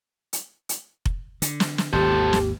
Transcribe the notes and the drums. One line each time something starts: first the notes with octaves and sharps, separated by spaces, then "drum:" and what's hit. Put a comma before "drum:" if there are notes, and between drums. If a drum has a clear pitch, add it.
drum: hi-hat
drum: hi-hat
drum: kick F1
D3, drum: hi-hat
drum: snare
drum: snare
G#1 D#2 G4 A4 C5
drum: snare